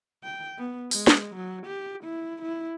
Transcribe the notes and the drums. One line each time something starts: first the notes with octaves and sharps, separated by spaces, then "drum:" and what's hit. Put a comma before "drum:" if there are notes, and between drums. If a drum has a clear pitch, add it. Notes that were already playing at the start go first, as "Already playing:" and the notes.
G5
B3
G#3, drum: open hi-hat
drum: snare
F#3
G4
E4
E4